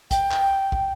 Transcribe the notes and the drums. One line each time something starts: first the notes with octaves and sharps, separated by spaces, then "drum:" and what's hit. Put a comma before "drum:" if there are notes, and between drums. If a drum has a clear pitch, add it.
G5, drum: kick, hi-hat
drum: clap
drum: kick